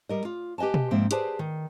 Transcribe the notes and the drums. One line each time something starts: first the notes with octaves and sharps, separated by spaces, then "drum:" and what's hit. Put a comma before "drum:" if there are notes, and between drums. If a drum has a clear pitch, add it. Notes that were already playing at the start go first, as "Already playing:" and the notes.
G3 A#4 D#5
F4
G4 B4 D#5 G#5 A5
drum: tom B2
G#2 F3 A#3 C4 E5
G4 G#4 B4 C5 D5 A5, drum: hi-hat
D#3